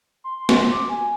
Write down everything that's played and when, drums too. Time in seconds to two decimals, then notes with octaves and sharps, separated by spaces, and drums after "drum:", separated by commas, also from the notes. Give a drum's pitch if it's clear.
0.24 C6
0.49 drum: snare
0.71 D6
0.89 G#5